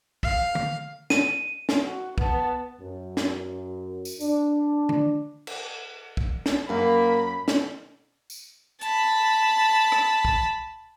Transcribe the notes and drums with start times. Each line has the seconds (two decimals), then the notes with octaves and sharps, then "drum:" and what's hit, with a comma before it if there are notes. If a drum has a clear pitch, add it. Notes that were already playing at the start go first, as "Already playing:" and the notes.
0.23 F5, drum: kick
0.55 drum: tom D3
1.10 D#7, drum: snare
1.69 drum: snare
1.86 F#4
2.18 B3 A5, drum: kick
2.80 F#2
3.17 drum: snare
4.05 drum: tambourine
4.20 D4, drum: tambourine
4.89 drum: tom D3
5.47 drum: cymbal
6.17 drum: kick
6.46 drum: snare
6.69 F#2 A#3 B5
7.48 drum: snare
8.30 drum: tambourine
8.81 A5 B5, drum: hi-hat
9.92 drum: rim click
10.25 drum: kick